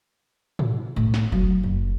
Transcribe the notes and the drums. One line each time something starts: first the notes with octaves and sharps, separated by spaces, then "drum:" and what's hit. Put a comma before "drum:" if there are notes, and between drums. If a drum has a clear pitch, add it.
drum: tom
A2
drum: snare
F#3, drum: kick F1
F#1